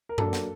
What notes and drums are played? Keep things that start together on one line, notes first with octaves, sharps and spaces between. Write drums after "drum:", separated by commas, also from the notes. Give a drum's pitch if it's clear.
A#4
F#3 A#3 D4 A4, drum: tom F#2
drum: snare